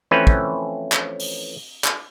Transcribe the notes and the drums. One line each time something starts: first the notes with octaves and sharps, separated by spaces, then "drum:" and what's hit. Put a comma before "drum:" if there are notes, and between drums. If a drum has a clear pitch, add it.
E3 F3 A3 C4 C#4 B4
drum: kick
drum: clap
drum: open hi-hat
drum: clap